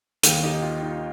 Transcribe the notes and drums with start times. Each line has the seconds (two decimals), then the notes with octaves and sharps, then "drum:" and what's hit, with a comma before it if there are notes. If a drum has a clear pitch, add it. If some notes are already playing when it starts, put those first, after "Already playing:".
0.23 D#2 D#3, drum: hi-hat
0.43 D#4 G4
0.62 F4
0.82 D#4